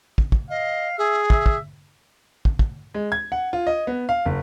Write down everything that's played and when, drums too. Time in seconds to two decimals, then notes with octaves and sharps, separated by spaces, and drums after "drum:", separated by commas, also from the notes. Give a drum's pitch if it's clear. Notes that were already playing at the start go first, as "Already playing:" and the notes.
0.18 drum: kick
0.32 drum: kick
0.50 D#5 F5
0.98 G#4 E5
1.30 E5, drum: kick
1.46 drum: kick
2.45 drum: kick
2.59 drum: kick
2.94 G#3
3.12 G#6
3.32 F#5
3.53 F4
3.67 D#5
3.87 B3
4.09 F5
4.25 F#1